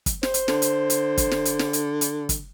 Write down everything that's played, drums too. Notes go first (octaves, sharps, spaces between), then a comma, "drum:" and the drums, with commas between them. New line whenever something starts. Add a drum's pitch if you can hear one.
drum: kick, hi-hat
C5, drum: snare
drum: hi-hat
D3, drum: snare
drum: hi-hat
drum: hi-hat
drum: kick, hi-hat
drum: snare
drum: hi-hat
drum: snare
drum: hi-hat
drum: hi-hat
drum: kick, hi-hat